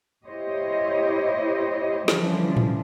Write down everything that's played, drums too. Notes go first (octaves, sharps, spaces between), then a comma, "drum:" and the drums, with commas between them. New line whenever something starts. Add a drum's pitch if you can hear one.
E4 G4 C5 C#5 D#5
D3 E3 F3 G3 C#4 D4, drum: snare
drum: tom A2